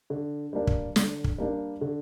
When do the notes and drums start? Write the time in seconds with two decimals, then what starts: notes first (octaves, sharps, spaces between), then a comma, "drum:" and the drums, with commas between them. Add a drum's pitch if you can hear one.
0.10 D3
0.53 G3 A#3 D4
0.67 drum: kick
0.96 D3, drum: snare
1.24 drum: kick
1.38 G3 A#3 D4
1.81 D3